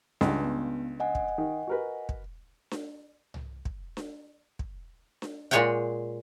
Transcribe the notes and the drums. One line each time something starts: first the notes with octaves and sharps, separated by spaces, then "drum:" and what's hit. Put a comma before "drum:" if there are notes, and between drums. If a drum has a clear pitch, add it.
C#2 G2, drum: snare D4
B3
D#5 F#5 G#5
drum: kick
D#3
F#4 A#4 B4
drum: kick
drum: snare D4
drum: tom C2
drum: kick
drum: snare D4
drum: kick
drum: snare D4
A#2 G#3 G#4 C#5 F#5 G5